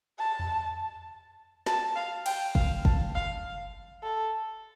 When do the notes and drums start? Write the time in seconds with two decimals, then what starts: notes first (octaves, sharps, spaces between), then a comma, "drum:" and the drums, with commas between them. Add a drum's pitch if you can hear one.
0.19 A5
0.39 drum: tom E2
1.66 A5, drum: snare
1.96 F5
2.26 G5, drum: cymbal
2.55 F5, drum: kick
2.85 A5, drum: kick
3.15 F5
4.03 A4